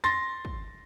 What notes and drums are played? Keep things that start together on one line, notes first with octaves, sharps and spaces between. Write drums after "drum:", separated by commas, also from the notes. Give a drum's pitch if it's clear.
C6 A6 A#6, drum: snare
drum: kick